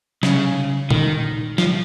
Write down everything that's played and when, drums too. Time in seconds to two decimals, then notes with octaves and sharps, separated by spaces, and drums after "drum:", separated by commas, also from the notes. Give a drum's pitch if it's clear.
0.23 C#3, drum: snare
0.90 D#3, drum: tom A#2
1.58 F3, drum: snare